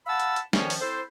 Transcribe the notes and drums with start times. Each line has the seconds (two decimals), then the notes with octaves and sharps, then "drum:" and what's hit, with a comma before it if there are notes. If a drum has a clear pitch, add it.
0.07 F5 F#5 A5 B5 E6
0.20 drum: hi-hat
0.36 drum: hi-hat
0.53 G2 D#3 F3 C#4, drum: snare
0.70 drum: open hi-hat
0.80 C4 E4 A4 C5